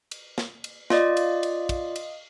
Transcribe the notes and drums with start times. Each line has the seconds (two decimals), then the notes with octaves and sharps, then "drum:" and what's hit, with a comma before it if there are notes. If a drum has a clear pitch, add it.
0.11 drum: cymbal
0.38 drum: snare
0.64 drum: cymbal
0.90 F4 D5 D#5 F5 D#6, drum: snare
1.17 drum: cymbal
1.43 drum: cymbal
1.69 drum: kick, cymbal
1.96 drum: cymbal